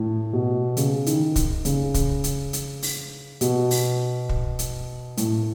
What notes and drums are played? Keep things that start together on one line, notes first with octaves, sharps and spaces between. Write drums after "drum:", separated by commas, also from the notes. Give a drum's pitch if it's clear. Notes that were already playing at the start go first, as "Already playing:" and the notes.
Already playing: A2
B2
C#3, drum: hi-hat
D#3, drum: hi-hat
drum: kick, hi-hat
C#3, drum: hi-hat
drum: kick, hi-hat
drum: hi-hat
drum: hi-hat
drum: open hi-hat
B2, drum: hi-hat
drum: open hi-hat
drum: kick
drum: hi-hat
A2, drum: hi-hat